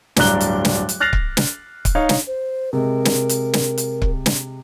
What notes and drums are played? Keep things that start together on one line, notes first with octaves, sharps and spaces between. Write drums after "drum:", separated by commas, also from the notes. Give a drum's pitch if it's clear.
D1 G2 D4 A#5 F#6 G7, drum: snare
drum: hi-hat
drum: snare
drum: hi-hat
F6 F#6 A6 A#6 C7 F7
drum: kick C#1
drum: snare
drum: kick C#1, hi-hat
D#4 C#5 F5
drum: snare
C5
C3 G#3 A#4
drum: snare
drum: hi-hat
drum: snare
drum: hi-hat
drum: kick C#1
drum: snare